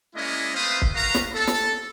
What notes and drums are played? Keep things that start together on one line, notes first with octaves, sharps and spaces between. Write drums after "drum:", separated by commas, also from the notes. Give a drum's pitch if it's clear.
G#3 A#3 C#4 E4 D5 D#5
A3 C4 B4 C5 F5 D#6
drum: kick
F#4 A#4 B4 F5 A#5
drum: snare
A4
drum: snare